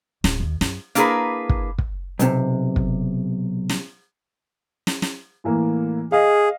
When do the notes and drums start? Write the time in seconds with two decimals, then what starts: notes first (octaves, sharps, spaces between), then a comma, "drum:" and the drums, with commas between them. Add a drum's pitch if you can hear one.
0.24 D1, drum: snare
0.40 D#2
0.61 F#2, drum: snare
0.95 A#3 D4 E4 G#4 A#4 B4, drum: hi-hat
1.49 drum: kick
1.78 drum: kick
2.19 B1 C3, drum: hi-hat
2.76 drum: kick
3.69 drum: snare
4.87 drum: snare
5.02 drum: snare
5.44 A2 E3 A#3
6.12 G#4 D#5 F5